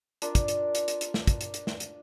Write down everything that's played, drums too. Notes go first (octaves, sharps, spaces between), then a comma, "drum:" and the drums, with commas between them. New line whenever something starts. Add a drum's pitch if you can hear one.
D4 F4 A#4, drum: hi-hat
drum: kick, hi-hat
drum: hi-hat
drum: hi-hat
drum: hi-hat
drum: hi-hat
drum: snare
drum: kick, hi-hat
drum: hi-hat
drum: hi-hat
drum: snare
drum: hi-hat